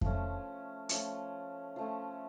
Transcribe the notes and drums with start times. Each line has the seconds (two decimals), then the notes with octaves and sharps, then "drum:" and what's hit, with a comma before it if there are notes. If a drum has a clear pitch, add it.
0.01 F3 A3 C#4, drum: kick F2
0.89 F3 A3 C#4, drum: hi-hat
1.76 F3 A3 C#4